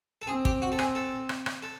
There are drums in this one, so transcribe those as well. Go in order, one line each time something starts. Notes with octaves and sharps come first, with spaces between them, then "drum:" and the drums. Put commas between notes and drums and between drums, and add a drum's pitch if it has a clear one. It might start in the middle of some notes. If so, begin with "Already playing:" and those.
A4
C4 G#4
G4, drum: kick
F#4
A4
G#4, drum: rim click
A4
drum: rim click
drum: rim click
A4